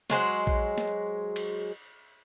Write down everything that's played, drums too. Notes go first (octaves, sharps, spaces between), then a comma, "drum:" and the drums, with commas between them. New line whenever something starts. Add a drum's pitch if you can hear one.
F#3 G#3 C5 F#5, drum: snare
drum: kick
drum: snare
drum: cymbal